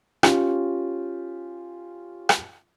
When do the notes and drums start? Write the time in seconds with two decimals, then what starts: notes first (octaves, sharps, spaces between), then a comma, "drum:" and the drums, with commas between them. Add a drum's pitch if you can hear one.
0.23 C#4 F4 G4, drum: rim click
2.29 drum: rim click